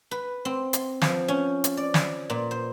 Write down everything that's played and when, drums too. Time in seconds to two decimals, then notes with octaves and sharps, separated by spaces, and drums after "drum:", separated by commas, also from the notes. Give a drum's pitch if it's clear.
0.11 B4
0.45 C4
0.73 C6, drum: hi-hat
1.02 F3, drum: snare
1.28 C#4
1.64 drum: hi-hat
1.77 D5
1.94 drum: snare
2.30 A#2
2.51 C5